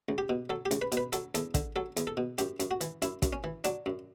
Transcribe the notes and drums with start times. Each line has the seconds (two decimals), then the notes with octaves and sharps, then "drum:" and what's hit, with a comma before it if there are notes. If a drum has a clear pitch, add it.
0.09 C#2
0.18 G4
0.29 B2
0.50 F#3 A4
0.66 G4
0.71 C#2, drum: hi-hat
0.82 B4
0.92 B2, drum: hi-hat
0.97 B4
1.13 F#3 A4, drum: hi-hat
1.35 E2 A4, drum: hi-hat
1.54 D3, drum: kick, hi-hat
1.76 F#3 A4
1.97 E2, drum: hi-hat
2.07 A4
2.17 B2
2.38 F#2 G4, drum: hi-hat
2.60 F#2, drum: hi-hat
2.71 F#4
2.81 E3, drum: hi-hat
3.02 F#2 E4, drum: hi-hat
3.22 F#2, drum: kick, hi-hat
3.33 C#4
3.44 E3
3.64 F#3 D4, drum: hi-hat
3.86 F#2